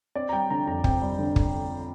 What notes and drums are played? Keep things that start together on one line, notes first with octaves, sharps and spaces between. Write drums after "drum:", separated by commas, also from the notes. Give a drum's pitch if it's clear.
C4 D5
A#5
G3 G5
D3 A#5
F2 A#5
C4 G5, drum: kick
G3
D3
drum: kick